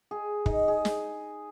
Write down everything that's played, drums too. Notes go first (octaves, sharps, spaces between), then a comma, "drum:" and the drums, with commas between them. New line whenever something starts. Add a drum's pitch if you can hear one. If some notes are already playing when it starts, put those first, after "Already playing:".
G#4
D#4, drum: kick
G#4
drum: snare